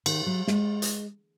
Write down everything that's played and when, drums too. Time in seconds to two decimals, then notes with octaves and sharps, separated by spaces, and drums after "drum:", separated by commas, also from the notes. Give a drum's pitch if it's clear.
0.06 D#3, drum: cymbal
0.26 F#3
0.48 G#3, drum: snare
0.82 drum: hi-hat